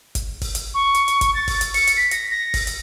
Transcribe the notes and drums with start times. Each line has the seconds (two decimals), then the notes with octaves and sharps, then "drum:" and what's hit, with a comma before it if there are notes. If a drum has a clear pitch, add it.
0.15 drum: kick G1, hi-hat
0.41 drum: kick G1, open hi-hat
0.55 drum: hi-hat
0.74 C#6
0.95 drum: hi-hat
1.08 drum: hi-hat
1.21 drum: kick G1, hi-hat
1.34 A6
1.48 drum: kick G1, open hi-hat
1.61 drum: hi-hat
1.74 C#7, drum: open hi-hat
1.87 drum: hi-hat
1.97 B6
2.11 A#6, drum: hi-hat
2.30 A#6
2.54 drum: kick G1, open hi-hat
2.67 drum: hi-hat